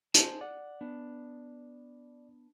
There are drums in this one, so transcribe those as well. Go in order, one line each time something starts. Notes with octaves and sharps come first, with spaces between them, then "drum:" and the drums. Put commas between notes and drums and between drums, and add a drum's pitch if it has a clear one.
D#4 G#4 C5 A5, drum: hi-hat
D5 F#5
B3 D4